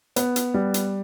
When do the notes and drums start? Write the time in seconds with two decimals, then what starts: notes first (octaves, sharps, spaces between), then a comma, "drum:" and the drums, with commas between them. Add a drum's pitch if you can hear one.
0.16 B3, drum: hi-hat
0.36 drum: hi-hat
0.54 G3
0.74 drum: hi-hat